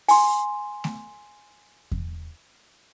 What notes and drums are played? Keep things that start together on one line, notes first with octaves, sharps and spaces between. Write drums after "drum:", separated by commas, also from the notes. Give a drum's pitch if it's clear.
G#5 C6, drum: open hi-hat
drum: snare A3
drum: kick E2